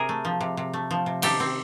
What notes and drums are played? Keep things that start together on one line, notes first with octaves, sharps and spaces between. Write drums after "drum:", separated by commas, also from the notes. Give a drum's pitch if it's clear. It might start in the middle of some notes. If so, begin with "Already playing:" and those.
Already playing: C3 G#4 A#4
A3
F3
C3
C3
A3
F3
C3
D#3 G4 A4, drum: cymbal
C4